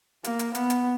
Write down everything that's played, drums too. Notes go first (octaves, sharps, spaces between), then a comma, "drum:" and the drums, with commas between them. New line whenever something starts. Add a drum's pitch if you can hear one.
A#3, drum: hi-hat
drum: hi-hat
B3, drum: hi-hat
drum: hi-hat